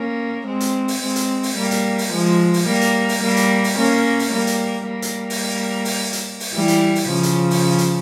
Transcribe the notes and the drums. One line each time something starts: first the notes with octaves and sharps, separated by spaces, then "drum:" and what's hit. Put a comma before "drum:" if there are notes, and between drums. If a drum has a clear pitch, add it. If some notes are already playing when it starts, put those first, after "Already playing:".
Already playing: A#3 C#4
G#3 C4
drum: hi-hat
drum: open hi-hat
G#3 C4
drum: hi-hat
drum: open hi-hat
G3 A#3
drum: hi-hat
drum: open hi-hat
F3 G#3
drum: open hi-hat
G3 A#3
drum: hi-hat
drum: open hi-hat
G3 A#3
drum: hi-hat
drum: open hi-hat
A#3 C#4
drum: open hi-hat
G3 A#3
drum: hi-hat
G3 A#3
drum: hi-hat
drum: open hi-hat
drum: open hi-hat
drum: hi-hat
drum: open hi-hat
E3 G3
drum: hi-hat
drum: open hi-hat
C#3 F3
drum: hi-hat
drum: open hi-hat
drum: hi-hat